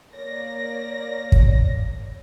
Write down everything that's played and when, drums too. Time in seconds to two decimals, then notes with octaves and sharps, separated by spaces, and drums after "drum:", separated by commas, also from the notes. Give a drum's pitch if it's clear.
0.13 A#3 C#5 D5 A#6
1.32 drum: kick